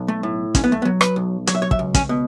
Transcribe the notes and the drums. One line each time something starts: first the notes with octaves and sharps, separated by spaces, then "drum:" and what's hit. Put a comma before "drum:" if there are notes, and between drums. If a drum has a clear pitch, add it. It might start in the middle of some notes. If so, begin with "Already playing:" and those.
Already playing: B1
A3
A2
B1 C#4, drum: kick, hi-hat
B3
A3
B3
F#3
B4, drum: rim click
B1
F#3 C#5, drum: hi-hat
E5
C#5
E5, drum: kick
C#2
C#4, drum: kick, hi-hat
B2